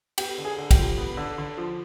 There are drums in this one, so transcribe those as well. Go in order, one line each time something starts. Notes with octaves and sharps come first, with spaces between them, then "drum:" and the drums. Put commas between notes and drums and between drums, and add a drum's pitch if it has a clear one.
B3 G4, drum: cymbal
D3
G#4
D3
G4, drum: kick, cymbal
F3
B3
D3
D3
F3